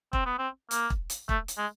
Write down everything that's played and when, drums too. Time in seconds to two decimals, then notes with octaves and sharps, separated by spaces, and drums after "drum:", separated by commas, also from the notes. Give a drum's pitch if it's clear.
0.13 C4, drum: kick E1
0.26 B3
0.38 C4
0.71 A#3, drum: hi-hat
0.90 drum: kick E1
1.10 drum: hi-hat
1.29 A3, drum: kick E1
1.48 drum: hi-hat
1.58 G#3